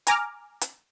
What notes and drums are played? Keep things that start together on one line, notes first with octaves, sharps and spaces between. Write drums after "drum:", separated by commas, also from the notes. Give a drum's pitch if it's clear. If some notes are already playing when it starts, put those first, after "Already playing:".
G#5 A#5 D6 F6, drum: hi-hat
drum: hi-hat